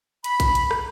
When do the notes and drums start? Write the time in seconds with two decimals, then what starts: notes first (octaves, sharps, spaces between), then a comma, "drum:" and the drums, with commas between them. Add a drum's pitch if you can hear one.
0.24 B5, drum: hi-hat
0.40 drum: kick A#1, hi-hat
0.55 drum: hi-hat
0.71 drum: rim click